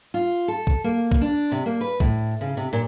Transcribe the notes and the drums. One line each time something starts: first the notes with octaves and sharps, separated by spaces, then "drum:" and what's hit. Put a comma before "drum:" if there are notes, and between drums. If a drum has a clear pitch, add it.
F4
A4
drum: kick A#1
A#3
drum: kick A#1
D4
C3
A#3
B4
A2, drum: kick A#1
C#3
C3
A#2